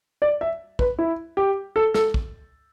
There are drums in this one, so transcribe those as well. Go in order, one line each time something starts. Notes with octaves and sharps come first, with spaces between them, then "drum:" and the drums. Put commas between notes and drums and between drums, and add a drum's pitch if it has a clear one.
D5
E5
B4, drum: kick
E4
G4
A4
A4, drum: snare
drum: kick